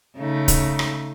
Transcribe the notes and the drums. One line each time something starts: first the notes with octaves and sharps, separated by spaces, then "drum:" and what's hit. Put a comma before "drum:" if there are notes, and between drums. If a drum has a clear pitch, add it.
C#3 A3 D#4
drum: kick, hi-hat
drum: rim click